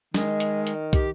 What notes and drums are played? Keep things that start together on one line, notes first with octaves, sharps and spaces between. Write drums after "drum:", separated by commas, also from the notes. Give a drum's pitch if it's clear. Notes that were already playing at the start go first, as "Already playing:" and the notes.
D#3 G#3, drum: snare
drum: hi-hat
drum: hi-hat
G4, drum: kick, hi-hat